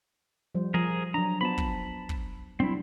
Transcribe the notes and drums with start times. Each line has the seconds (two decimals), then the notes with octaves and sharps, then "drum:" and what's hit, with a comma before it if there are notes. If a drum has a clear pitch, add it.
0.55 F3 G3 C5
0.74 F3 G#4 A#4
1.14 F#3 D4 A#5
1.41 B3 F4 C5 A5 B5
1.58 drum: kick
2.09 drum: kick
2.60 F#3 G3 C4 D4 E4